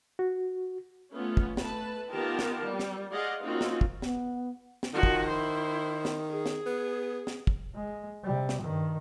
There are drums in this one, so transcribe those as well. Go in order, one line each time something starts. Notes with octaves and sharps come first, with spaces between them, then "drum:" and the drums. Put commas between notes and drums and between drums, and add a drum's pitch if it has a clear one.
F#4
A3 B3 C#4 F4
drum: kick
A3 B4 A5, drum: snare
D#3 B3 F4 G4 A#4 A5
drum: snare
G3
drum: snare
G#4 D5 D#5 F5 F#5 C6
A#3 C4 C#4 D#4 F4 F#4
drum: snare
drum: kick
B3, drum: snare
drum: snare
D#3 F3 F#4
drum: kick
E4 C5
drum: snare
G#4
drum: snare
B3
drum: snare
drum: kick
G#3
C3 G3
drum: snare
G2 D#3